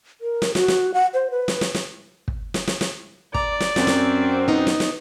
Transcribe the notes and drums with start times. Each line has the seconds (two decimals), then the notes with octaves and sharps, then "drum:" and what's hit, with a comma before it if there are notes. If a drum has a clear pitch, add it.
0.21 A#4
0.42 drum: snare
0.55 F#4, drum: snare
0.68 drum: snare
0.94 F#5
1.14 C5
1.31 B4
1.48 drum: snare
1.61 drum: snare
1.75 drum: snare
2.28 drum: kick
2.54 drum: snare
2.67 drum: snare
2.81 drum: snare
3.34 D5 A#5, drum: kick
3.60 drum: snare
3.76 F#2 C4, drum: snare
3.87 drum: snare
4.48 B3 D#4
4.67 drum: snare
4.80 drum: snare